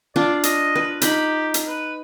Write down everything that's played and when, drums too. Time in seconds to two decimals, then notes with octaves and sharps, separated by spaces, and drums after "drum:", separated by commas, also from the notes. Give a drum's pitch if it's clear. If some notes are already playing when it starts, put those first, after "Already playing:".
0.16 D4 F4 D5
0.43 D#5, drum: hi-hat
0.75 B4
1.02 D#4 G4 B5, drum: hi-hat
1.54 drum: hi-hat
1.68 B4